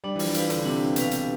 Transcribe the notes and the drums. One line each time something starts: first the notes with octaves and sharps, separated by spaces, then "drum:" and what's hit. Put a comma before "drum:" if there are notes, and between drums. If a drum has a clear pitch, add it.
G3 D4
E3
F3, drum: open hi-hat
E3 G4 B4 F5, drum: hi-hat
D3, drum: hi-hat
C3 D4
B2 G4 B4 F5, drum: hi-hat
drum: hi-hat